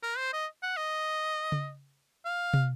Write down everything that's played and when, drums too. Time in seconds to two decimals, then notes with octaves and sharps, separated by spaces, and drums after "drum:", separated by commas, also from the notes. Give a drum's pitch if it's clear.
0.03 A#4
0.18 C5
0.33 D#5
0.63 F#5
0.77 D#5
1.52 drum: tom C#3
2.25 F5
2.54 drum: tom